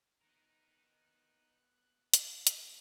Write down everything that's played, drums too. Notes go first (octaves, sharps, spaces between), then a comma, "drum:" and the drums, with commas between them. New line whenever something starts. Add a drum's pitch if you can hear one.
B3 D#4 A#4 F#6
D#2 E3, drum: hi-hat
drum: hi-hat